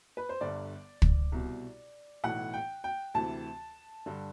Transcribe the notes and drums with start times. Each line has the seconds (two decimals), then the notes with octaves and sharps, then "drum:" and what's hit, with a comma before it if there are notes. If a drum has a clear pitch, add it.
0.17 B4
0.29 C5
0.41 G1 G2 D3 D5
1.02 drum: kick
1.32 C2 B2
2.23 B1 A2 E3 F#5
2.54 G5
2.84 G5
3.14 D2 C3 E3 A5
4.06 G2 D3